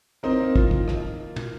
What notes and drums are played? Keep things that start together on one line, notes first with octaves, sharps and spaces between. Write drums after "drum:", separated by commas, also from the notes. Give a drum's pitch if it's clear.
C4 D#4 A#4
A#3
F4, drum: kick
D#3, drum: kick
drum: rim click
drum: tom